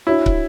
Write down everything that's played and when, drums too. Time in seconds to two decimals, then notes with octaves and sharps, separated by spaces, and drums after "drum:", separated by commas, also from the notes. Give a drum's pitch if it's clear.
0.07 D4 E4 F#4 C#5
0.26 drum: kick